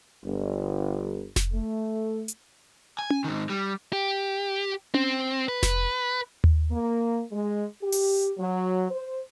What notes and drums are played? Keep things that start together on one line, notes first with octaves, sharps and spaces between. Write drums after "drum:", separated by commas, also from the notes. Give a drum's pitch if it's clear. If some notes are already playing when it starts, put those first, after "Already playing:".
G1
drum: snare F1
A3
drum: hi-hat
G#5
drum: tom C#4
G#2 D#3
G3
G4
C4, drum: tom C#4
B4
drum: snare F1
drum: tom D#2
A#3
G#3
G4
drum: open hi-hat
F#3
C5